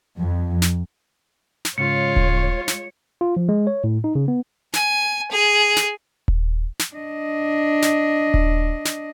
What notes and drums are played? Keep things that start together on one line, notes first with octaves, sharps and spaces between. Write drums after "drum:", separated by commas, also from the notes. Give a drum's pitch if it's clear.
F2
drum: snare
drum: snare
G#2 C#3 G#3 F4 C#5 C#7
drum: kick D#1
drum: snare
F4
F3
G#3
C#5
A2
D#4
C#3
B3
G#5, drum: snare
G#4
drum: snare
drum: kick D#1
drum: snare
D4 D#5
drum: snare
drum: kick D#1
drum: snare